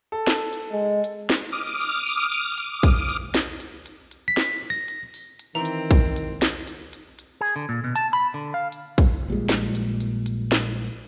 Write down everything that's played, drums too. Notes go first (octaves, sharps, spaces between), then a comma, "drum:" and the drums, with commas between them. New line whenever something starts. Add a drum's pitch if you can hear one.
A4
drum: snare
drum: hi-hat
G#3
drum: hi-hat
drum: snare
D6 D#6 F6
drum: hi-hat
drum: open hi-hat
drum: hi-hat
drum: hi-hat
drum: kick, hi-hat
drum: hi-hat
drum: snare
drum: hi-hat
drum: hi-hat
drum: hi-hat
B6
drum: snare
A#6
drum: hi-hat
drum: open hi-hat
drum: hi-hat
D#3 E3 C4 A#5
drum: hi-hat
drum: kick, hi-hat
drum: hi-hat
drum: snare
drum: hi-hat
drum: hi-hat
drum: hi-hat
G#4
D3
A#2
B2
A5, drum: hi-hat
B5
D3
F5
drum: hi-hat
drum: kick, hi-hat
A#1 A#2 G3 G#3
drum: snare
drum: hi-hat
drum: hi-hat
drum: hi-hat
drum: snare